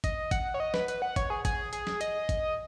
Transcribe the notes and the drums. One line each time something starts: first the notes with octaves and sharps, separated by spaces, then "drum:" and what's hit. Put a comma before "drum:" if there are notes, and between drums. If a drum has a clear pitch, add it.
D#5, drum: kick, hi-hat
F#5, drum: kick, hi-hat
C#5
D#5
B4, drum: snare
B4, drum: hi-hat
F#5
C#5, drum: kick, hi-hat
G#4
G#4, drum: kick, hi-hat
G#4, drum: hi-hat
drum: snare
D#5, drum: hi-hat
drum: kick, hi-hat